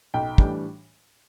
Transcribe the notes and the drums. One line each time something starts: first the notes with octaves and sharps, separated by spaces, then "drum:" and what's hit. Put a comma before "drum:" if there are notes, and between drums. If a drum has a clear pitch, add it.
B1 G5
A2 E3 G3 D4, drum: kick